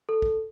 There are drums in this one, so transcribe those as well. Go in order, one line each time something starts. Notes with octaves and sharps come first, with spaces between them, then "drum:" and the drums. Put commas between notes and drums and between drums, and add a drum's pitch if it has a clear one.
A4
drum: kick